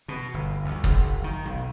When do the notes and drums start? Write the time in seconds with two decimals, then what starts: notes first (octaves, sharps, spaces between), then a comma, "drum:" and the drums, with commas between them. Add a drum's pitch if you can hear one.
0.08 B2
0.34 G1
0.65 D2
0.84 F#1, drum: kick
1.24 D#3
1.45 B1